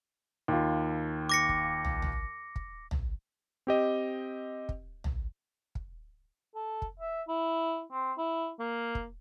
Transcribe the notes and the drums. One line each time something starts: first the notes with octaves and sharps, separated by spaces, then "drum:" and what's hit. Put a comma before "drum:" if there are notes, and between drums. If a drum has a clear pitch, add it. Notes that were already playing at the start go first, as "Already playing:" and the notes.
D#2 F4
D6 A#6 C#7
drum: kick
drum: tom
drum: tom
drum: kick
drum: tom
C4 G4 D#5
drum: kick
drum: tom
drum: kick
A4
drum: kick
E5
E4
C4
E4
A#3
drum: kick